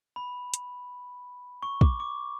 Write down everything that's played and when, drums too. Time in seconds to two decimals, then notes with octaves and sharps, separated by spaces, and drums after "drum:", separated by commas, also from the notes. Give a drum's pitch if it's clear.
0.16 B5
0.54 drum: hi-hat
1.63 C#6
1.81 D6, drum: kick
2.00 D6